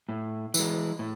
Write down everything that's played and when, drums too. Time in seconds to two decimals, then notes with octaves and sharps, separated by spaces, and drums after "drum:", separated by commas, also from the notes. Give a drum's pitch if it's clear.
0.09 A2
0.54 E3 G#3, drum: tambourine
0.99 A2